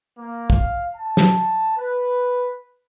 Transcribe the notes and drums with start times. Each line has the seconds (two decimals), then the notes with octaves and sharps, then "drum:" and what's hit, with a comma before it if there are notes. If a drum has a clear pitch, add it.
0.18 A#3
0.50 F5, drum: kick
0.95 A5
1.17 drum: snare
1.76 B4